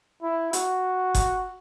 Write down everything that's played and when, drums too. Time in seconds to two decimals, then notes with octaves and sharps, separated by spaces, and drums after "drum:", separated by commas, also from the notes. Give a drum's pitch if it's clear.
0.22 E4
0.53 F#4, drum: hi-hat
1.15 drum: kick F#1, hi-hat